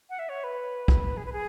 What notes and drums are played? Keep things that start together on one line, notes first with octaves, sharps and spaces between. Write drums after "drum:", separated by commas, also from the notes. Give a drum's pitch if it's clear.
F#5
E5
C#5
B4
drum: kick
G#4
B4
G#4